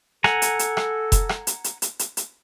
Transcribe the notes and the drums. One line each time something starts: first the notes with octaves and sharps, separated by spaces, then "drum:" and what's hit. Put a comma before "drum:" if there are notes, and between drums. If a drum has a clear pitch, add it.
A4 F#5 G#5 A#5, drum: rim click
drum: hi-hat
drum: hi-hat
drum: rim click
drum: kick F1, hi-hat
drum: rim click
drum: hi-hat
drum: hi-hat
drum: hi-hat
drum: hi-hat
drum: hi-hat